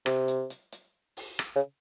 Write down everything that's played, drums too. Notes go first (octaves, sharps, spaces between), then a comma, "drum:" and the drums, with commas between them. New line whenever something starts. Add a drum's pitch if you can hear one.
C3, drum: rim click
drum: hi-hat
drum: hi-hat
drum: hi-hat
drum: open hi-hat
drum: rim click
C#3